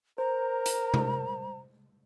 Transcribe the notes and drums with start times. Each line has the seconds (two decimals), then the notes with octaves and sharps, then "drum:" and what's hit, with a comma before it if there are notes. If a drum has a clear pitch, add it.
0.18 A#4 C5 A#5
0.66 drum: hi-hat
0.94 drum: tom C3